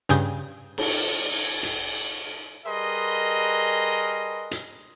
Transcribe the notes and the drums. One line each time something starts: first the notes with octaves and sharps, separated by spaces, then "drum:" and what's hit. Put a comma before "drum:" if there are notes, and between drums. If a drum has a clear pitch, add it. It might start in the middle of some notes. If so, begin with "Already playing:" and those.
G2 C#3 G#5 D#6 G6, drum: hi-hat
drum: cymbal
drum: hi-hat
G3 G#4 A#4 B4 D#5 C6
drum: hi-hat